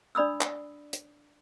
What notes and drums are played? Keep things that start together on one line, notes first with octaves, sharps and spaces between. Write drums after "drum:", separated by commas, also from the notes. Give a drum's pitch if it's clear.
D4 D5 B5 D#6 E6
drum: clap
drum: hi-hat